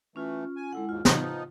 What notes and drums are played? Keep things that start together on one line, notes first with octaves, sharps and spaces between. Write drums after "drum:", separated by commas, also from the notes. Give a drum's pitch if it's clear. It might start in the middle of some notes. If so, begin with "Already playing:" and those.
E3 A3 C#4 F4
G#5
D3 G#3 E4 F#5
D#2 G#2 F4
F3 B3 D#4, drum: snare